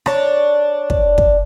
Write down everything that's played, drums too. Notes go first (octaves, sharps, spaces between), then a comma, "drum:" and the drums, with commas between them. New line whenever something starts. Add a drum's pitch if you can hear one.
D4 C#5, drum: rim click
drum: kick
drum: kick